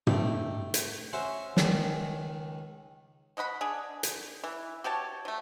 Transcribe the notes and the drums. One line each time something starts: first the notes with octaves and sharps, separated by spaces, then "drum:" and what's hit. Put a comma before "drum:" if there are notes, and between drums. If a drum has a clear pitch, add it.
A3 G5, drum: tom
drum: hi-hat
C#4 F#4 C5 E5
C#2 D#3 G#4, drum: snare
B2 D#5 F#5 B5
D4 G#4
drum: hi-hat
E3
F#4 G4 C#5 A5
F#3 A3